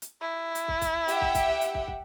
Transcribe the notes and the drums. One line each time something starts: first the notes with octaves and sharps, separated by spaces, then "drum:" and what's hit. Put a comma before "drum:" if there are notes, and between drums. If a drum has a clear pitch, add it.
drum: hi-hat
E4
drum: hi-hat
drum: kick
drum: kick, hi-hat
G4 E5 F#5, drum: hi-hat
drum: kick
drum: kick, hi-hat
drum: hi-hat
drum: kick
drum: kick